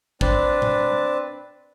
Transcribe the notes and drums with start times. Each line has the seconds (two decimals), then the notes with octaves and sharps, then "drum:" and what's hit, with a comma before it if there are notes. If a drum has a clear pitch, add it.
0.21 C4 D4 B4 A5, drum: kick
0.62 drum: tom A#2